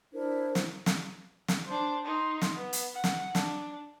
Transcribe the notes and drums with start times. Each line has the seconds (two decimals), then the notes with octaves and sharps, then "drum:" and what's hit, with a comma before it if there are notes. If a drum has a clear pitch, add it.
0.13 D4 E4 A#4 C5
0.55 drum: snare
0.86 drum: snare
1.48 drum: snare
1.67 D4 C5
2.05 D#4 C6
2.42 drum: snare
2.56 B3
2.73 drum: hi-hat
2.94 F#5
3.04 drum: snare
3.35 D4, drum: snare